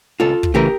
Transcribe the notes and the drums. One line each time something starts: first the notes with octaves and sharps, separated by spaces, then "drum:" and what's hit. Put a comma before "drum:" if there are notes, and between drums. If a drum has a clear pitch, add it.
C#2 F4 A4
drum: kick
C#3 E3 A3 G4 A#4